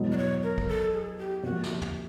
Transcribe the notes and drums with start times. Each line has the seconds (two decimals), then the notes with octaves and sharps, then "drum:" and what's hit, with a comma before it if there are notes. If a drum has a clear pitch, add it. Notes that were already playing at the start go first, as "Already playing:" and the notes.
Already playing: E2 B2 F#3
0.12 D5
0.17 C#5
0.43 A#4
0.58 drum: kick
0.68 A4
0.93 G#4
1.18 G4
1.43 C3 F3 A#3 F#4
1.63 drum: snare
1.82 drum: tom